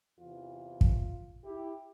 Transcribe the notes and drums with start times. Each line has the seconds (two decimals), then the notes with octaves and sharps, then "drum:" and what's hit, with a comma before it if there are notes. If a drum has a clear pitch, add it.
0.19 E2 C3 E3 F4
0.81 drum: kick
1.44 E4 G4